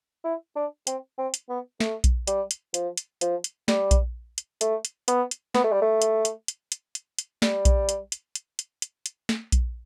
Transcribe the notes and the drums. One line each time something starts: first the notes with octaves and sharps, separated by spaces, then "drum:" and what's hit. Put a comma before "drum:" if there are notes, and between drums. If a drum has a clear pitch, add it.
E4
D4
C4, drum: hi-hat
C4
drum: hi-hat
B3
A3, drum: snare
drum: kick A#1, hi-hat
G3, drum: hi-hat
drum: hi-hat
F3, drum: hi-hat
drum: hi-hat
F3, drum: hi-hat
drum: hi-hat
G3, drum: snare
drum: kick A#1, hi-hat
drum: hi-hat
A3, drum: hi-hat
drum: hi-hat
B3, drum: hi-hat
drum: hi-hat
B3, drum: snare
A3
G3
A3
drum: hi-hat
drum: hi-hat
drum: hi-hat
drum: hi-hat
drum: hi-hat
drum: hi-hat
G3, drum: snare
drum: kick A#1, hi-hat
drum: hi-hat
drum: hi-hat
drum: hi-hat
drum: hi-hat
drum: hi-hat
drum: hi-hat
drum: snare
drum: kick A#1, hi-hat